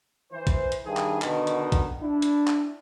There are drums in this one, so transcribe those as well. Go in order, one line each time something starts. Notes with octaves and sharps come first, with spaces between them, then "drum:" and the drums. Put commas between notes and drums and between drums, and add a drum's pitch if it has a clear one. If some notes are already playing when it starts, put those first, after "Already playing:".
E3 C5
drum: kick, hi-hat
drum: hi-hat
G2 D#3 G#4
drum: clap
B2 D3 D#3, drum: clap
drum: hi-hat
drum: kick, hi-hat
D4 E4
drum: hi-hat
drum: clap